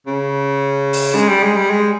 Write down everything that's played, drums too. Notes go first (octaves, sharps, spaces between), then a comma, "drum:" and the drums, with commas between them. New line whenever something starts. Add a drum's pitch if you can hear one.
C#3
drum: open hi-hat
G#3
G3
G#3
G3
G#3